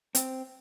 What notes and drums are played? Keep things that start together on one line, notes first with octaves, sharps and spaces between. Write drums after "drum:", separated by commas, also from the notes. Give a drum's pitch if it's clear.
C4, drum: hi-hat